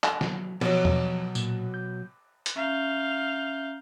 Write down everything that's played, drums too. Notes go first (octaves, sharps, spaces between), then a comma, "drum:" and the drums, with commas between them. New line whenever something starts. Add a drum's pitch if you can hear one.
drum: clap
F#3, drum: snare
B2 F3 F#3, drum: cymbal
drum: tom E2
A#2, drum: tambourine
G6
drum: hi-hat
C#4 E5 F5 A#5 G6